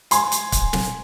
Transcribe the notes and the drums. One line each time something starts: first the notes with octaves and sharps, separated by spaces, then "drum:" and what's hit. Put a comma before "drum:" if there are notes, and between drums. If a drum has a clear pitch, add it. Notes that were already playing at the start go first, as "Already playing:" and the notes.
G#5 C6, drum: hi-hat
drum: hi-hat
drum: kick, hi-hat
drum: snare